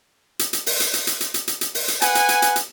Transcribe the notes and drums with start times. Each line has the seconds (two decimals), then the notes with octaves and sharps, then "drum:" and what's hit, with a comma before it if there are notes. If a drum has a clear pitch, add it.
0.39 drum: hi-hat
0.53 drum: hi-hat
0.66 drum: open hi-hat
0.80 drum: hi-hat
0.93 drum: hi-hat
1.07 drum: hi-hat
1.20 drum: hi-hat
1.34 drum: hi-hat
1.48 drum: hi-hat
1.61 drum: hi-hat
1.75 drum: open hi-hat
1.88 drum: hi-hat
2.02 B4 F#5 G#5, drum: hi-hat
2.15 drum: hi-hat
2.29 drum: hi-hat
2.42 drum: hi-hat
2.56 drum: hi-hat